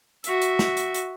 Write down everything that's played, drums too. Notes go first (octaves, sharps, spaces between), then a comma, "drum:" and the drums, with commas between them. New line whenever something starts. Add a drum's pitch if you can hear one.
F#4 E5, drum: hi-hat
drum: hi-hat
drum: snare
drum: hi-hat
drum: hi-hat